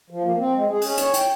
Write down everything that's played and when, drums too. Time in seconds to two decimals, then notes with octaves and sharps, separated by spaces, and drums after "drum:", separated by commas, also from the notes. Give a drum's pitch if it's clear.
0.10 F3
0.23 A#3
0.38 C4
0.55 G#3
0.70 G#4
0.82 C#4, drum: open hi-hat
0.98 C#5, drum: hi-hat
1.14 G5, drum: hi-hat